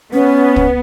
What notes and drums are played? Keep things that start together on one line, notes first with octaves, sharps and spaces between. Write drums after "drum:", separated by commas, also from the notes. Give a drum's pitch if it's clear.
B3 C#4
drum: kick